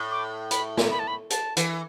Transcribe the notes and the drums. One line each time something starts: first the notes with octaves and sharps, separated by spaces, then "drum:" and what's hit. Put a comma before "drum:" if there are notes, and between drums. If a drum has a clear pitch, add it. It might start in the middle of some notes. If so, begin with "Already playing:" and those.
Already playing: A2
D6
B5, drum: hi-hat
drum: snare
B5
A5
B5
A5, drum: hi-hat
E3, drum: hi-hat